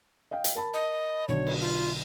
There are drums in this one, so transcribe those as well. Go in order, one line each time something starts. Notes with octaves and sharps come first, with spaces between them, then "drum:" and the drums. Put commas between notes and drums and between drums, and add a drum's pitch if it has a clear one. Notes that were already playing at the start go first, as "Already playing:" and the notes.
D#5 F5 G5
drum: hi-hat
A#4 A5 B5
D#5
B1 D3 C#5
drum: cymbal
F4